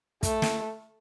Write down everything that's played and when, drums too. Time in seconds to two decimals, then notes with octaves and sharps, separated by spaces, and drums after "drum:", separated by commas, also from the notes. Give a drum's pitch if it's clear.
0.23 A3, drum: kick, hi-hat
0.42 drum: snare